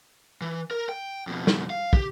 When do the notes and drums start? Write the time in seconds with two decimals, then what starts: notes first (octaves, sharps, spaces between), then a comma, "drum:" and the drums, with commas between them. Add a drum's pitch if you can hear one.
0.41 E3
0.71 A#4
0.89 G5
1.27 F2 B2
1.47 drum: snare
1.70 F5
1.93 G4, drum: kick